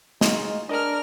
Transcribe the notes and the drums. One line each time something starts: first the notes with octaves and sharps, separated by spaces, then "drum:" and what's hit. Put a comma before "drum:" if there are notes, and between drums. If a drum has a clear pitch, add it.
G#3 D#4 F4 F#4, drum: snare
D4 G#4 A#4 D#5 F6